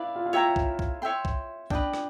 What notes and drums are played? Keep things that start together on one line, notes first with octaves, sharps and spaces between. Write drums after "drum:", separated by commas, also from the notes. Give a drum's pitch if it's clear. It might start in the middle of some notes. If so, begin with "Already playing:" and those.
Already playing: E4 B4 D5 F5
F4
F4
E4 C#5 E5 G5 A#5
drum: kick
drum: kick
C#5 E5 G5 C6
drum: kick
D4 B4 D#5 G5, drum: kick
drum: rim click